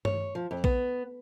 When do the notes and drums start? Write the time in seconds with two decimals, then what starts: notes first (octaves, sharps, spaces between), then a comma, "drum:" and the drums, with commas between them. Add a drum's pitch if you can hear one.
0.05 C#5, drum: tom G2
0.35 F3
0.51 F2
0.64 B3, drum: kick A#1